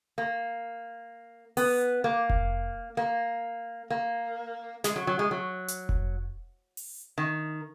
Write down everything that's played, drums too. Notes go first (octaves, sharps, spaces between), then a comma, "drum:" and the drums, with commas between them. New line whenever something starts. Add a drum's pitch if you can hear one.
A#3
B3, drum: open hi-hat
A#3
drum: kick F1
A#3
A#3
G#3, drum: snare
F#3
F#3
G#3
F#3
drum: hi-hat
drum: kick F1
drum: open hi-hat
D#3